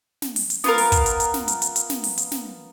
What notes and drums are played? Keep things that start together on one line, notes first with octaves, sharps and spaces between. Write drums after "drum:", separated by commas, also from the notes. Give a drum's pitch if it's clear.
drum: snare
drum: open hi-hat
drum: hi-hat
B3 F4 A#4, drum: snare
drum: open hi-hat
drum: kick, hi-hat
drum: hi-hat
drum: hi-hat
drum: snare
drum: hi-hat
drum: hi-hat
drum: hi-hat
drum: snare
drum: open hi-hat
drum: hi-hat
drum: snare